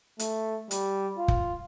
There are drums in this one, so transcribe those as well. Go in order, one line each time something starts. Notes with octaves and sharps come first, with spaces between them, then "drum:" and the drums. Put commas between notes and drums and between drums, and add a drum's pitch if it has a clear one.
A3, drum: hi-hat
G3, drum: hi-hat
F4
drum: kick